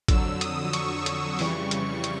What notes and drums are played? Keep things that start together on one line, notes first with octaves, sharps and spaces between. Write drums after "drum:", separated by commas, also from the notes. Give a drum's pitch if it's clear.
F2 D3 F#3 E6, drum: kick, hi-hat
D#6, drum: hi-hat
C#6, drum: hi-hat
drum: hi-hat
F2 C#3 E3 G3 C#6, drum: open hi-hat
drum: hi-hat
drum: hi-hat